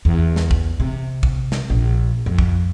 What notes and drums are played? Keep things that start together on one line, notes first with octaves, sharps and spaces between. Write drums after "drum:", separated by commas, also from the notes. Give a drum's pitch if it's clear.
E2
drum: snare
drum: kick
C3
drum: kick
drum: snare
A#1
F2
drum: kick